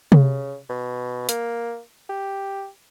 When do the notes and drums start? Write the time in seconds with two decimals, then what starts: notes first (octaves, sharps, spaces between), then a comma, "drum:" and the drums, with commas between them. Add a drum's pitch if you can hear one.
0.12 C#3, drum: tom C3
0.70 B2
1.29 A#3, drum: hi-hat
2.09 G4